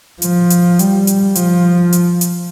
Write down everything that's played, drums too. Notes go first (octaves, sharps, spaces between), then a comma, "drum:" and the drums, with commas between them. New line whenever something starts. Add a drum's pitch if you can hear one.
F3, drum: hi-hat
drum: hi-hat
G3, drum: hi-hat
drum: hi-hat
F3, drum: hi-hat
drum: hi-hat
drum: hi-hat